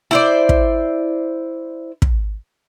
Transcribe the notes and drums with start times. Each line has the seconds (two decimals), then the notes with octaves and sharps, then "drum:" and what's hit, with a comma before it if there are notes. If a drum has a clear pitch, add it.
0.11 E4 C5 D5
0.49 drum: kick
2.02 drum: kick